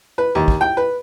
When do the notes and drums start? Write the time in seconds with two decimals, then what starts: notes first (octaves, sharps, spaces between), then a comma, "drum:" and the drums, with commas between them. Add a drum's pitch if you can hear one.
0.18 B4
0.35 D#2
0.48 drum: kick
0.61 G5
0.77 B4